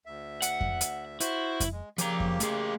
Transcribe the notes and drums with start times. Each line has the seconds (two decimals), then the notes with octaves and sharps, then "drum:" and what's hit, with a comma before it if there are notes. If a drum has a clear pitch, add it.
0.06 D2 E5
0.42 F#5, drum: hi-hat
0.61 drum: kick F2
0.81 drum: hi-hat
1.20 E4 F#4 C5, drum: hi-hat
1.60 drum: kick F2, hi-hat
1.72 G#3
1.98 C#3 F3 A#3 G4 A#5, drum: hi-hat
2.20 drum: kick F2
2.40 A3 G#4, drum: hi-hat